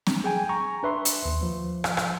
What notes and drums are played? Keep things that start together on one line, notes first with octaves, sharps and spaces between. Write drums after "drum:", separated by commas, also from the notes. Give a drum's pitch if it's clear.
drum: snare C4
G#4 G5 G#5
G#5 A#5 C#6
D4 B4 E5 C6
drum: hi-hat
D#2
F3
drum: rim click
drum: rim click